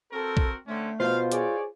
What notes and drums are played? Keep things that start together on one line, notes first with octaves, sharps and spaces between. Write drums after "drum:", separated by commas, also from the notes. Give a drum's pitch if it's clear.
C4 F#4 A4 A#4
drum: kick
D3 A3 C4 C#4
B2 F4 C5 F5
G#4 C#5 D5, drum: hi-hat